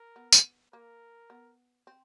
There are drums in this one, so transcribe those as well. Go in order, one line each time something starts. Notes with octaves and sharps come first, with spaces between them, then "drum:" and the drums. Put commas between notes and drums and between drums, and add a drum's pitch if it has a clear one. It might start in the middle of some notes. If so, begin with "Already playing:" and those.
Already playing: A#4
B3
drum: tambourine
A#3 A#4
B3
C4